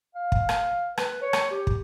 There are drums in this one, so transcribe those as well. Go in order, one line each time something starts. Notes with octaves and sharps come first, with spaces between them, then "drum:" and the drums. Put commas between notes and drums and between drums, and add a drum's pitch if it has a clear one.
F5
drum: kick
drum: rim click
B4, drum: rim click
C#5
drum: rim click
G4
drum: kick